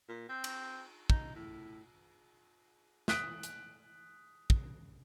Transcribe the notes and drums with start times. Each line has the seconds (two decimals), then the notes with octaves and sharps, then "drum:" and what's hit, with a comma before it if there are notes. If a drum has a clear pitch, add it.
0.08 A#2
0.29 C4
0.44 drum: cymbal
1.10 D#4, drum: kick
1.35 A2
3.08 D#6 F#6 B6 D7, drum: snare
3.43 drum: hi-hat
4.50 drum: kick